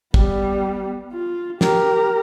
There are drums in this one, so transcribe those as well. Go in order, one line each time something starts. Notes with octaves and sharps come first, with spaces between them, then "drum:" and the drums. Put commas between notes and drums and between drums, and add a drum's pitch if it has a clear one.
G3 B3, drum: kick
F4
G4 A#4, drum: snare